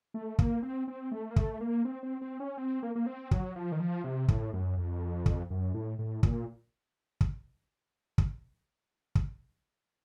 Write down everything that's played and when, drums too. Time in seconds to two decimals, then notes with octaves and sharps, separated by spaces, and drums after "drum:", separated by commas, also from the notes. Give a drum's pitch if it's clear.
0.14 A3
0.39 A#3, drum: kick
0.63 C4
0.88 C4
1.12 A3
1.31 A#3
1.36 A3, drum: kick
1.61 A#3
1.85 C4
2.03 C4
2.21 C4
2.40 C#4
2.57 C4
2.83 A#3
2.95 A#3
3.07 C4
3.31 F#3, drum: kick
3.56 F3
3.72 D#3
3.80 F3
4.04 C3
4.28 A2, drum: kick
4.53 F#2
4.77 F2
5.26 drum: kick
5.50 F#2
5.74 A2
5.99 A2
6.23 A#2, drum: kick
7.21 drum: kick
8.18 drum: kick
9.15 drum: kick